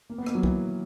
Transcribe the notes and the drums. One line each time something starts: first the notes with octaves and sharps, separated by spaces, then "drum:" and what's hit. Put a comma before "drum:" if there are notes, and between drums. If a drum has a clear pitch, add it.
A#3
B3
A#3, drum: rim click
F#3
E3, drum: kick